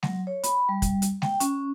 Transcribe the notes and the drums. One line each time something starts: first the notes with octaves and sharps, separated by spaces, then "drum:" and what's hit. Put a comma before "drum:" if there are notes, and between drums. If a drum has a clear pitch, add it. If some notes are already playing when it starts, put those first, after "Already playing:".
F#3, drum: snare G#3
C#5
B5, drum: hi-hat
G3
drum: kick, hi-hat
drum: hi-hat
G5, drum: snare G#3
C#4, drum: hi-hat